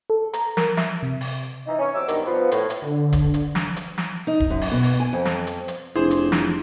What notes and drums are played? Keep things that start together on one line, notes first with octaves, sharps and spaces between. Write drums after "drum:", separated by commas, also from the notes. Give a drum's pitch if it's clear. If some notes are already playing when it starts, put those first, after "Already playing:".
A4
A#5, drum: hi-hat
A#4, drum: snare
E5, drum: snare
C3
drum: open hi-hat
E3 D#4
C#4
C2 F#3 C4 D6 E6
G2 B2 D#3, drum: hi-hat
F3 B3
A2, drum: hi-hat
drum: hi-hat
D3
drum: kick D1, hi-hat
drum: hi-hat
drum: snare
drum: hi-hat
drum: snare
D#4
drum: kick D1
F#2
drum: open hi-hat
B2
drum: open hi-hat
G#5
F2
drum: snare
drum: hi-hat
drum: hi-hat
F1 D4 E4 G#4 C5
drum: hi-hat
drum: snare